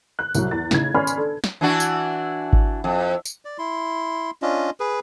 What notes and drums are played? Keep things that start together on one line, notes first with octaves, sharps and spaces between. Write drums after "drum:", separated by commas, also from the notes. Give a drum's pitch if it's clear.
F#6
C2 F#3, drum: tambourine
E2 A6
A2 C#3 D#4 G#6, drum: snare
C#4 D5 G#5 B5 C6 F6
drum: tambourine
D4 A4
drum: snare
E3 D4 F#4
drum: tambourine
drum: kick G#1
F2
drum: tambourine
D5
E4 C6
C#4 D4 F4 D#5
G#4 B4